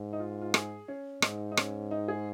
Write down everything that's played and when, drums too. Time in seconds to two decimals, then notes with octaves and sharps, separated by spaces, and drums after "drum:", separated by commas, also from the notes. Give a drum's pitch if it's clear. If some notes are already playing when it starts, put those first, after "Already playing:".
Already playing: G#2
0.13 D#4
0.20 F4
0.41 F4
0.54 G#4, drum: rim click
0.88 C#4
1.22 G#2 D#4, drum: rim click
1.52 D#4
1.57 C#4, drum: rim click
1.91 D#4
2.08 G#4